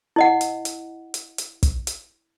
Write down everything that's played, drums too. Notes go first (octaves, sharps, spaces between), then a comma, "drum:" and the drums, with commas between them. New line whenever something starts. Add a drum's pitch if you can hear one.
E4 D#5 F#5
drum: hi-hat
drum: hi-hat
drum: hi-hat
drum: hi-hat
drum: kick, hi-hat
drum: hi-hat